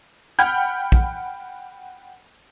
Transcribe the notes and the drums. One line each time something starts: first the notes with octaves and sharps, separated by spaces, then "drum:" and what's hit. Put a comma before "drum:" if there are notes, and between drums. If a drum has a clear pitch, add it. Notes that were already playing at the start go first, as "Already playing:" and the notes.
F#5 G5 B5 F6 G6, drum: hi-hat
drum: kick